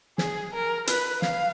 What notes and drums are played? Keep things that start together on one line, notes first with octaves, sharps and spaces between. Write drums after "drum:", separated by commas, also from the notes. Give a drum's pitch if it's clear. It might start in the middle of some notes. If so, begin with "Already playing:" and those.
G#4, drum: snare
A#4
B4, drum: hi-hat
F5, drum: snare